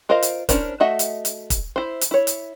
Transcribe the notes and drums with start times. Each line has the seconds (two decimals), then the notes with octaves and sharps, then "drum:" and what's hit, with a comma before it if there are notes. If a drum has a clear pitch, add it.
0.09 F4 A#4 C5 D#5 F5
0.23 drum: hi-hat
0.49 C#4 D4 E4 A#4 C5, drum: kick, hi-hat
0.80 A3 F#4 D#5 E5 F#5
0.99 drum: hi-hat
1.25 drum: hi-hat
1.50 drum: kick, hi-hat
1.76 E4 C5
2.01 drum: hi-hat
2.11 E4 C#5
2.27 drum: hi-hat